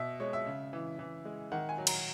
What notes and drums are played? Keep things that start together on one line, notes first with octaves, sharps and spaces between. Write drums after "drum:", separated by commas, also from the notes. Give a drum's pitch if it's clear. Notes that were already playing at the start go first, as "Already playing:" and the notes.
Already playing: B2 E5
G#3 C#5
E5
C#3
E3
E3
G#3
D#3 F#5
G#5
F#3
A#5, drum: cymbal